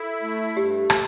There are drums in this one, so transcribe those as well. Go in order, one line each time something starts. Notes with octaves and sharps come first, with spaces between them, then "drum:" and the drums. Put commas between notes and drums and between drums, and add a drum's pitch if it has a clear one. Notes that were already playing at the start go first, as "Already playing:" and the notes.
Already playing: E4 A4
A3
G2 G4
drum: rim click